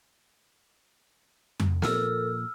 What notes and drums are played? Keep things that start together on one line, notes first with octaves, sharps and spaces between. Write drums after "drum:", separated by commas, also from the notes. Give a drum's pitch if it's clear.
drum: tom F2
A#2 F3 A4 A#4 E6 F6, drum: snare